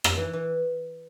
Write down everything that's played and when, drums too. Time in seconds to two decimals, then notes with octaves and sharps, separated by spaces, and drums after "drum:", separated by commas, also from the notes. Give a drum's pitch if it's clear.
0.04 drum: rim click
0.17 E3
0.33 E3